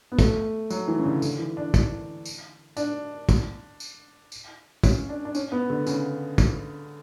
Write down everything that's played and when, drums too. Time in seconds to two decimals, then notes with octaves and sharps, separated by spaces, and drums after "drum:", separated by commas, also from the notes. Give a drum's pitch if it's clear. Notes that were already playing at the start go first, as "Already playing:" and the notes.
0.12 B3
0.19 A3, drum: kick, tambourine
0.70 F#3, drum: tambourine
0.88 E3
0.99 C#3
1.05 D3
1.22 D3, drum: tambourine
1.39 E3
1.57 D4
1.74 drum: kick, tambourine
2.25 drum: tambourine
2.77 D4, drum: tambourine
3.29 drum: kick, tambourine
3.80 drum: tambourine
4.32 drum: tambourine
4.84 C#4, drum: kick, tambourine
5.09 D4
5.25 D4
5.35 C#4, drum: tambourine
5.52 B3
5.70 D3
5.87 C#3, drum: tambourine
6.38 drum: kick, tambourine